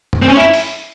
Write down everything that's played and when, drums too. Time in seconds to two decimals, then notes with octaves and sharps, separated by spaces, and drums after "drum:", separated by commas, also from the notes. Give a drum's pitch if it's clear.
0.13 drum: tom F#2
0.22 C4
0.29 C#4
0.37 E4
0.53 drum: open hi-hat